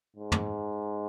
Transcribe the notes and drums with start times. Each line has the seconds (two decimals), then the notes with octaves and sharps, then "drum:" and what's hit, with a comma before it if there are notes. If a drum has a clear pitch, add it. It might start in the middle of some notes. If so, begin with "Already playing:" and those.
0.17 G#2
0.32 drum: tom